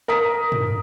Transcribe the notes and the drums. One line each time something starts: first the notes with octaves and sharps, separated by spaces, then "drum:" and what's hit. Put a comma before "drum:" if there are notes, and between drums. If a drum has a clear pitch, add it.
A#4 A#5 D#6 B6
drum: tom